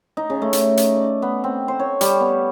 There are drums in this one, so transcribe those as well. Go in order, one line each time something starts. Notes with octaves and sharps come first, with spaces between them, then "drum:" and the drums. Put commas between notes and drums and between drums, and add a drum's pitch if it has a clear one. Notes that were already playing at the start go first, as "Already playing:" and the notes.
D#4
C#3
A3
drum: hi-hat
drum: hi-hat
D5
B3
C4
C5
C#5
G3, drum: hi-hat
B3